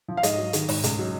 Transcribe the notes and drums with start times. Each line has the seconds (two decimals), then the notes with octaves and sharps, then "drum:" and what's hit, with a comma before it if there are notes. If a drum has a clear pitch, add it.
0.08 F3
0.17 F5
0.23 G#2 D#5, drum: hi-hat
0.38 F#3
0.53 D#3, drum: hi-hat
0.69 G#2, drum: open hi-hat
0.84 C#2, drum: hi-hat
0.99 F#3